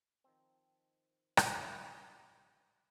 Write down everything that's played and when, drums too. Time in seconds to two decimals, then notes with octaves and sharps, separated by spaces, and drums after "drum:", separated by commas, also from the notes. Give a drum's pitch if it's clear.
0.24 D#3 F3 C4
1.37 drum: rim click
1.74 C3 B5 D6